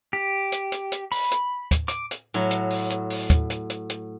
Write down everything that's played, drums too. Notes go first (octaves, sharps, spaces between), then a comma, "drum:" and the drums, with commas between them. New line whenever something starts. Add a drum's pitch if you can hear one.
G4
drum: hi-hat
drum: hi-hat
drum: hi-hat
B5, drum: open hi-hat
drum: hi-hat
drum: kick, hi-hat
D6, drum: hi-hat
drum: hi-hat
A2 F#3
drum: hi-hat
drum: open hi-hat
drum: hi-hat
drum: open hi-hat
drum: kick, hi-hat
drum: hi-hat
drum: hi-hat
drum: hi-hat